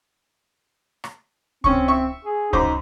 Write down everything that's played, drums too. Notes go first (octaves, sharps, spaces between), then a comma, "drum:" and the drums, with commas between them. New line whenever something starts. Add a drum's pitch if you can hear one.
drum: rim click
C4 C#4 C#6, drum: kick C#2
E5 C#6
G#4
F#2 D#4 C5 D6, drum: kick C#2